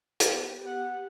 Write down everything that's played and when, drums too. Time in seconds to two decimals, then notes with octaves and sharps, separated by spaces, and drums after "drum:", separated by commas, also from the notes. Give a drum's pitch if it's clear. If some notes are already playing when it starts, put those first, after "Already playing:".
0.20 B3 G4, drum: hi-hat
0.65 F#5